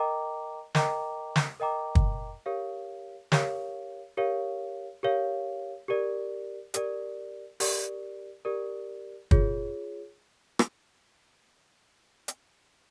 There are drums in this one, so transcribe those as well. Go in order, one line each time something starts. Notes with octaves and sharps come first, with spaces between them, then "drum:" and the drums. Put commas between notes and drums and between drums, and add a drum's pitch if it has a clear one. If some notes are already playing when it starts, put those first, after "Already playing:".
Already playing: A#4 D#5 G5 A#5 D6
A#4 D#5 G5 A#5 D6, drum: snare
drum: snare
A#4 D#5 G5 A#5 D6
drum: kick
G4 A#4 C#5 F5
G4 A#4 C#5 F5, drum: snare
G4 A#4 C#5 F5
G4 A#4 C#5 F5
G4 A#4 D5
G4 A#4 D5, drum: hi-hat
G4 A#4 D5, drum: open hi-hat
G4 A#4 D5
F4 G#4 C#5, drum: kick
drum: rim click
drum: hi-hat